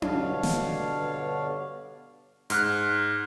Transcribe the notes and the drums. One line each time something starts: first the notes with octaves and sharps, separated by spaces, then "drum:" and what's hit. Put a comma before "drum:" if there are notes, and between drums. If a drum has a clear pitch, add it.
G2 B2 D3 D4 C#5 F5, drum: tom C#4
drum: snare
G#2 F6 F#6, drum: hi-hat